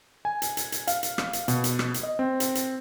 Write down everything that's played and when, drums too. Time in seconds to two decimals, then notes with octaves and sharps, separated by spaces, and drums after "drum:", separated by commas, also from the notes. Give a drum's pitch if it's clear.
0.25 G#5
0.42 drum: hi-hat
0.57 drum: hi-hat
0.72 drum: hi-hat
0.87 F5, drum: hi-hat
1.03 drum: hi-hat
1.18 drum: rim click
1.33 drum: hi-hat
1.48 B2, drum: hi-hat
1.64 drum: hi-hat
1.79 drum: rim click
1.94 drum: hi-hat
2.03 D#5
2.19 C4
2.40 drum: hi-hat
2.55 drum: hi-hat